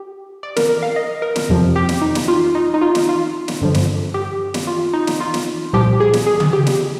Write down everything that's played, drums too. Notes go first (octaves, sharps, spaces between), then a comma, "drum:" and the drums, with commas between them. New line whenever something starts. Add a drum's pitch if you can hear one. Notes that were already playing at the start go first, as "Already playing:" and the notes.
Already playing: G4
D5
A#4, drum: snare
A#4
F5
D#5
A#4
drum: snare
F2 C3 F3
G4
drum: snare
D#4
drum: snare
F4
D#4
D#4
F4
drum: snare
F4
drum: snare
G2 D3 F3
drum: snare
G4
drum: snare
F4
D#4
drum: snare
F4
drum: snare
C2 A#2 F3 G4
G#4
drum: snare
G#4
drum: tom C#3
G4
drum: snare